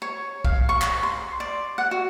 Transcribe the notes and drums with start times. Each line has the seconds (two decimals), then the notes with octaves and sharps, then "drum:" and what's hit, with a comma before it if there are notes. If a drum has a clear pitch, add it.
0.02 C#5
0.45 F5, drum: kick
0.69 C#6
0.82 drum: clap
1.03 C6
1.40 D5
1.78 F#5
1.91 F#4